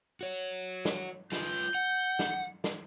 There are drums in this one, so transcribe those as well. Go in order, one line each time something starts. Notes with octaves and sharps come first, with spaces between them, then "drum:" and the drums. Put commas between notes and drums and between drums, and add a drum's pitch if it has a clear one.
F#4 C#5
drum: snare
F4 B4 G6, drum: snare
F#5
drum: snare
drum: snare